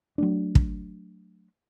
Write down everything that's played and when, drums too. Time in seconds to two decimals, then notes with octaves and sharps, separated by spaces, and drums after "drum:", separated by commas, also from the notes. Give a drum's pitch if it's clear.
0.18 F#3 A3 D4
0.55 drum: kick